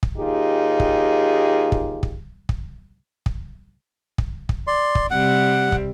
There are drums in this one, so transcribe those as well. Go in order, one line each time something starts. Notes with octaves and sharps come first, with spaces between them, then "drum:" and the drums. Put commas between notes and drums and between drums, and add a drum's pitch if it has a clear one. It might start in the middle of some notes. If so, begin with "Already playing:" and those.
drum: kick
D#2 D#4 F4 G4 G#4
drum: kick
drum: kick
drum: kick
drum: kick
drum: kick
drum: kick
drum: kick
D5 C6
drum: kick
C3 G3 C4 F#5
drum: kick